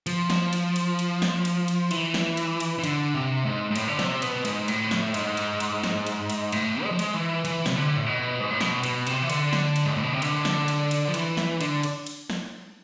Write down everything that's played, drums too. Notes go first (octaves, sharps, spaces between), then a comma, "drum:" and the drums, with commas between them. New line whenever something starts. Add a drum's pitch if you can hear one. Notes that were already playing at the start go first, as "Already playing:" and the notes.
F3, drum: cymbal
drum: snare
drum: cymbal
drum: cymbal
drum: cymbal
drum: snare
drum: cymbal
drum: cymbal
E3, drum: cymbal
drum: snare
drum: cymbal
drum: cymbal
E3
D3, drum: cymbal
C3
G#2
G#2
A2, drum: cymbal
D3
C3, drum: snare
B2, drum: cymbal
G#2, drum: cymbal
A2, drum: cymbal
drum: snare
G#2, drum: cymbal
drum: cymbal
drum: cymbal
drum: snare
drum: cymbal
drum: cymbal
A2, drum: cymbal
G#3
F3
G#3, drum: cymbal
E3
E3, drum: cymbal
C3, drum: snare
D3
A2
B2
G#2
A2
B2, drum: snare
B2, drum: cymbal
C3, drum: cymbal
E3
D3, drum: cymbal
drum: snare
drum: cymbal
G#2
A2
B2
C3
D3, drum: cymbal
drum: snare
drum: cymbal
drum: cymbal
F3
E3, drum: cymbal
drum: snare
D3, drum: cymbal
drum: cymbal
drum: cymbal
drum: snare